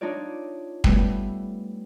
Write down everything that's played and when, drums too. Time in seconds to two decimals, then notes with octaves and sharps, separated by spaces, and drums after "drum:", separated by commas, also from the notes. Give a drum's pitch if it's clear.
0.01 D4 D#4 F4 C#5 D5
0.84 G3 A3 B3, drum: kick